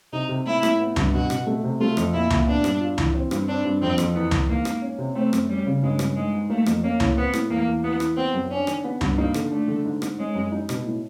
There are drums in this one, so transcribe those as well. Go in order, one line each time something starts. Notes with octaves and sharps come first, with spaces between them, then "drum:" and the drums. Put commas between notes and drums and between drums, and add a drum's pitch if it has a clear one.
C3 D#4
C3
A2 E4
A2, drum: rim click
B3
G2, drum: tom C#2
B2 F#4
B2, drum: rim click
A3
C3
A3 F4
F2, drum: rim click
A#2 E4
A#2, drum: tom C#2
B3 D4
G2, drum: rim click
F4
E3, drum: tom C#2
C4
G2, drum: rim click
C4 D4
G2
F2 C4
F2, drum: rim click
E2 B3
E2, drum: tom C#2
G#2 A#3
G#2, drum: rim click
C#4
C3
A3 C4
F#2, drum: rim click
G3 C#4
C#3
G2 G#3
G2, drum: rim click
G#2 G#3
G#2
A3 A#3
F2, drum: rim click
A#3 C#4
A2, drum: tom C#2
B3 C4
A2, drum: rim click
E2 A#3
E2
B3 E4
E3, drum: rim click
B3 C4
F#2
C#4 D4
D#3, drum: rim click
B3
G2, drum: tom C#2
A#3 D#4
D3, drum: rim click
A3 D4
D3
G#2
G#2, drum: rim click
G#3 C#4
F#2
D#4
B2, drum: rim click
A2